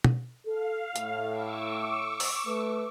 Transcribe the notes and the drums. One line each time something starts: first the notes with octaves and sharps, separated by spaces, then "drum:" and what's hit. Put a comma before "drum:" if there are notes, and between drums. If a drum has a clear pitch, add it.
drum: tom
A4 F5
A2, drum: hi-hat
C#6 D6 E6
drum: open hi-hat
A3 B4